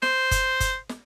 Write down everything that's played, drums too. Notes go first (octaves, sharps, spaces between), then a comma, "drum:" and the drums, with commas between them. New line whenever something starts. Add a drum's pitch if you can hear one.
C5, drum: snare
drum: kick F#1, hi-hat
drum: kick F#1, hi-hat
drum: snare